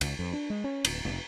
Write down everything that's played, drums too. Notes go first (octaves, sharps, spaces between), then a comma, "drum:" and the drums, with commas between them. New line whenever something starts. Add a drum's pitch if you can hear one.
C#2, drum: cymbal
F2
D4
G#3
C#4
D1, drum: cymbal
F1